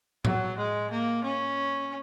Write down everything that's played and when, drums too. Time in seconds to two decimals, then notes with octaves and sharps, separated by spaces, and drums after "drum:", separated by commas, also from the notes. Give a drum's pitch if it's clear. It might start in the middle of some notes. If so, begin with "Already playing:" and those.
0.25 F#3, drum: tom A2
0.57 G#3
0.91 A#3
1.24 C#4